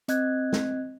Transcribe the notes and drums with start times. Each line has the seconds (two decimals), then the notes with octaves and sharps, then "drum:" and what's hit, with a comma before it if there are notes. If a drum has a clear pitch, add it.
0.08 C4 D#5 F#6 G#6, drum: hi-hat
0.53 drum: snare